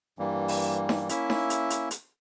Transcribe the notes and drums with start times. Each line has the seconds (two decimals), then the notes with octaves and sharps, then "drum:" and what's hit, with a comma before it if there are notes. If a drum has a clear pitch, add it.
0.19 G2 E3 G3 A#3
0.48 drum: open hi-hat
0.89 drum: snare D#4
1.09 A#3 C#4 E4 E5, drum: hi-hat
1.30 drum: snare D#4
1.50 drum: hi-hat
1.70 drum: hi-hat
1.91 drum: hi-hat